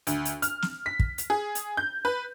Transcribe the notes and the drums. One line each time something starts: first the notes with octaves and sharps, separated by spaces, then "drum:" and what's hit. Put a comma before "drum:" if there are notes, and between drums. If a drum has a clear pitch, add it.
D2, drum: hi-hat
drum: hi-hat
F6, drum: hi-hat
drum: snare
B6
drum: kick
drum: hi-hat
G#4
drum: hi-hat
G6
B4